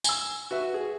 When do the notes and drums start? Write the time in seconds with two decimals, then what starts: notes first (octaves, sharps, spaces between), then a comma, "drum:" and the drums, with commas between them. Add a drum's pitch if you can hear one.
0.04 G#5 E6, drum: tambourine
0.51 F#4 B4 E5
0.74 G#4